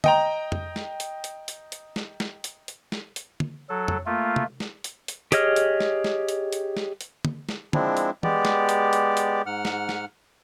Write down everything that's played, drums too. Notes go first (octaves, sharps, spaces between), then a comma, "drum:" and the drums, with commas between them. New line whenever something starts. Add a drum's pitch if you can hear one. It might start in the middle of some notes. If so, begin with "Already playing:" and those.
D#5 G5 A#5, drum: tom
drum: tom F2
drum: snare
drum: hi-hat
drum: hi-hat
drum: hi-hat
drum: hi-hat
drum: snare
drum: snare
drum: hi-hat
drum: hi-hat
drum: snare
drum: hi-hat
drum: tom
F#3 A4
drum: tom F2
A3 A#3 F4
drum: tom
drum: snare
drum: hi-hat
drum: hi-hat
G4 G#4 C#5 D#5 F6, drum: hi-hat
drum: hi-hat
drum: snare
drum: snare
drum: hi-hat
drum: hi-hat
drum: snare
drum: hi-hat
drum: tom
drum: snare
F3 G#3 C4 D4 E4, drum: tom
drum: hi-hat
G#3 B3 G4 D5, drum: tom E3
drum: snare
drum: hi-hat
drum: hi-hat
drum: hi-hat
G#2 F#5 F6
drum: snare
drum: snare